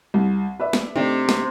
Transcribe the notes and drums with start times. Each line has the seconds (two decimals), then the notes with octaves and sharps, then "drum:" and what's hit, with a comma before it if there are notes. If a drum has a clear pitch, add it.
0.14 C2
0.60 B4 D5 E5
0.73 drum: snare
0.96 C3 A3 D4 D#4
1.29 drum: snare